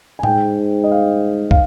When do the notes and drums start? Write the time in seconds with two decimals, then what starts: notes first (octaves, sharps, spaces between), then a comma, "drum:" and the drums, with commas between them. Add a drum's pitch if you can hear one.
0.19 G#5
0.23 G#2 G5, drum: tom A2
0.84 D#5
0.91 F5
1.51 F5, drum: kick